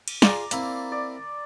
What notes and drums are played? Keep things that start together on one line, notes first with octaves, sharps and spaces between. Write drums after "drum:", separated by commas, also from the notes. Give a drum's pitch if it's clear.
drum: cymbal
F4 G#4 D5 A#5, drum: snare
A#3 C4 E4, drum: hi-hat
D5